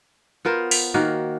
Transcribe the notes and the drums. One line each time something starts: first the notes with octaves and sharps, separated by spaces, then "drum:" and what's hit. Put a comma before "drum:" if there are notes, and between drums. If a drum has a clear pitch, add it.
B3 F4 A#4 C5
drum: open hi-hat
D#3 A#3 F#4